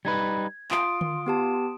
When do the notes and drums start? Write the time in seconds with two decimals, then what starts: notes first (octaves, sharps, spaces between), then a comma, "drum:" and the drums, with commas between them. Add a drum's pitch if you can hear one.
0.05 G3 D#4 B4 G#6
0.71 F4 C6 D#6 D7, drum: clap
1.01 drum: tom D3
1.26 B3 G4 A5